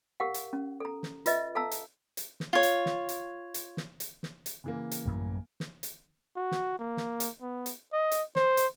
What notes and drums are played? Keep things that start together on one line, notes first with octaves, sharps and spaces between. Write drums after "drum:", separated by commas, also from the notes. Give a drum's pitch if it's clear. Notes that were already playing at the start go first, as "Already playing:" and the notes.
G4 A#4 F5 F#5
drum: hi-hat
C#4
A4 A#5
drum: snare
F4 B4 D#5 E5, drum: hi-hat
A4 F5 A5 A#5 E6
drum: hi-hat
drum: hi-hat
drum: snare
F4 C#5
drum: hi-hat
drum: snare
drum: hi-hat
drum: hi-hat
drum: snare
drum: hi-hat
drum: snare
drum: hi-hat
C#3 E3 A#3
drum: hi-hat
A1 F#2 G3
drum: snare
drum: hi-hat
F#4
drum: snare
A#3
drum: snare
drum: hi-hat
B3
drum: hi-hat
D#5
drum: hi-hat
C5, drum: snare
drum: hi-hat